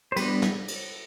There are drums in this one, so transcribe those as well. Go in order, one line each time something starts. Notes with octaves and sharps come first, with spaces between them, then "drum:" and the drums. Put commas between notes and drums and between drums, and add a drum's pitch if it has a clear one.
C5
G3 B3 D4 B4, drum: cymbal
drum: snare
drum: cymbal